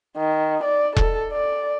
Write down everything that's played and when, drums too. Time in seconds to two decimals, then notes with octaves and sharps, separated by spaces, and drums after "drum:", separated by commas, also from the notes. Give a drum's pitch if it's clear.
0.17 D#3
0.64 D5
0.96 A4, drum: kick E1
1.32 D5